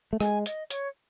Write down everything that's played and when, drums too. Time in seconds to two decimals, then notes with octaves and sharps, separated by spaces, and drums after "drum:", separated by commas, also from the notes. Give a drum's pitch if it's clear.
0.13 A3
0.20 G#3 G#5, drum: rim click
0.46 D#5, drum: hi-hat
0.70 C#5, drum: hi-hat